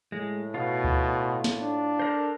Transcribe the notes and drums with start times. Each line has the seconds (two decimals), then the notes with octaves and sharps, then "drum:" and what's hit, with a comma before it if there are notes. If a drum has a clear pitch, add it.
0.12 A2 G#3
0.54 B2 F4
0.84 drum: kick D2
1.44 drum: snare
1.61 D4
1.99 A4 A#4 C5